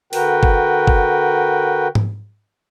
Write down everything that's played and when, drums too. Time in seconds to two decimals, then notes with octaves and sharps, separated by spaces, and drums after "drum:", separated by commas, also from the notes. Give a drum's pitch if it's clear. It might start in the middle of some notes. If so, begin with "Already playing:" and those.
0.13 D3 F#4 A#4 B4 G5, drum: open hi-hat
0.43 drum: kick G1
0.87 drum: kick G1
1.95 drum: tom G#2